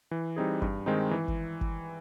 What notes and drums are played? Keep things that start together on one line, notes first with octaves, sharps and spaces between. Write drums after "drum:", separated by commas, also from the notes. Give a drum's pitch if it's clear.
E3
G3 C4 D#4 G#4
G2, drum: kick G1
D#3 G#3 C4 D#4
E3
drum: kick G1
drum: kick G1